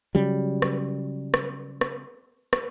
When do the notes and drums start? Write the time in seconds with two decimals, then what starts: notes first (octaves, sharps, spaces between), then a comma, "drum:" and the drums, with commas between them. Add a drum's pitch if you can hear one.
0.15 C#3 F#3 G3
0.62 drum: rim click
1.34 drum: rim click
1.81 drum: rim click
2.53 drum: rim click